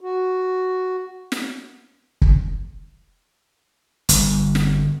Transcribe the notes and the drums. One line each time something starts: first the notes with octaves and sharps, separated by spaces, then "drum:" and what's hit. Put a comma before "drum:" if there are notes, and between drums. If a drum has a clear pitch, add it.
F#4
drum: snare
drum: kick
G1, drum: hi-hat
drum: snare